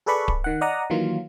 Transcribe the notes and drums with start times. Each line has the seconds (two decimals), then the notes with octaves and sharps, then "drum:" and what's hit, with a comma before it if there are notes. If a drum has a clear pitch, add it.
0.06 G#4 A4 B4 D5 B5 C#6
0.28 drum: kick D1
0.44 D#3 F#5
0.61 D5 D#5 F#5 A#5 D#6
0.90 D#3 E3 F#3 A#3 F4